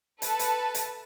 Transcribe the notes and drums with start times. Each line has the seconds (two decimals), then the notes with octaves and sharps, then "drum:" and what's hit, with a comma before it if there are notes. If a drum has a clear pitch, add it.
0.22 A4 B4 A5, drum: hi-hat
0.39 drum: hi-hat
0.74 drum: hi-hat